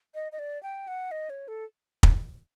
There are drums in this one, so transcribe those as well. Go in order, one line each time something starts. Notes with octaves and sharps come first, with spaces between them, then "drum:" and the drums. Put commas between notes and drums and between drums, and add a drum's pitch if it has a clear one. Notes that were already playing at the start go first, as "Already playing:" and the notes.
D#5
D#5
D5
G5
F#5
D#5
C#5
A4
drum: kick